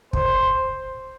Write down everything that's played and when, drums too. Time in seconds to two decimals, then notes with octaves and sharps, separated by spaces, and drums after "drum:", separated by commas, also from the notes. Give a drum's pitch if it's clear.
0.13 C5, drum: kick